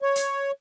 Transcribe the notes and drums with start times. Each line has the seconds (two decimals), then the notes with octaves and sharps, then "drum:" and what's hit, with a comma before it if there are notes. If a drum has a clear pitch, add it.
0.02 C#5
0.16 drum: hi-hat